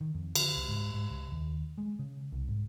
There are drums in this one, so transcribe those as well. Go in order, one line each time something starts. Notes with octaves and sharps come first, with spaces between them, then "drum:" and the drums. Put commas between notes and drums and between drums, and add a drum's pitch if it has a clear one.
D#3
F2
D3, drum: cymbal
C#2
G#2
G#2
C#2
D#2
G#3
C#3
C2
G#2